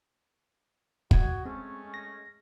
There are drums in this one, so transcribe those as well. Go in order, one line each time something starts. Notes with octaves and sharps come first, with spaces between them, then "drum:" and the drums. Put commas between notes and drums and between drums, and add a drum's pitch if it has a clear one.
D#2 F#4 D#5 G#6, drum: kick
G#3 A3 C4 C#4
A#6